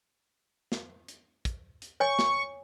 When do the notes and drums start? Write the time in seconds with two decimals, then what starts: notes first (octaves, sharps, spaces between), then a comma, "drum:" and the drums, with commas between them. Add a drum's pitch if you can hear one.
0.72 drum: snare
1.08 drum: hi-hat
1.45 drum: kick, hi-hat
1.82 drum: hi-hat
2.00 C#5 G#5 C#6
2.19 drum: snare